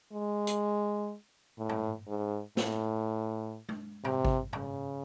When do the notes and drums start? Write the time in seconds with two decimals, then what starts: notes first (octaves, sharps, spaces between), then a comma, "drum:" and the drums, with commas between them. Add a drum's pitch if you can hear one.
0.12 G#3
0.47 drum: hi-hat
1.59 A2
1.69 drum: tom G#2
2.08 G#2
2.57 A2, drum: snare
3.69 drum: tom
4.05 C3, drum: tom G#2
4.25 drum: kick G#1
4.53 C#3, drum: tom G#2